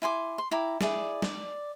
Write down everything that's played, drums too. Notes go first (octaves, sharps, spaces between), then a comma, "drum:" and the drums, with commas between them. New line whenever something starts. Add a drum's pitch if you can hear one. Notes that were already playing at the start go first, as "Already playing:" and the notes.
E4 G#5 C6 D6
C6
E4 G5 A#5 D6
E4 G#4 D5, drum: snare
D5, drum: snare